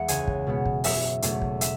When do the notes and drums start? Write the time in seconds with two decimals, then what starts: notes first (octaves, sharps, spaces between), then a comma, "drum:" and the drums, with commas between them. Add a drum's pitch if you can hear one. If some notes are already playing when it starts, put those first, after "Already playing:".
Already playing: E2 G#3 B3 E5 F#5
0.08 C#2 G#5, drum: hi-hat
0.28 drum: kick
0.47 B2 G#3 B3
0.66 drum: kick
0.84 F#1 E5, drum: open hi-hat
1.22 E2 B2 A3 C#4, drum: hi-hat
1.42 drum: kick
1.61 E5, drum: hi-hat